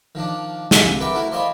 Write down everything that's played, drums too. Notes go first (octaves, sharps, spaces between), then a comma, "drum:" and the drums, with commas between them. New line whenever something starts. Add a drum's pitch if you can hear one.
D#3 F3 D4
C2 F2 D3 G#3 G5 G#5, drum: snare
A#4 B4 D5 E5 F#5 G5
A3 E4 F#4 A#4
C5 D5 D#5 F5 G#5 B5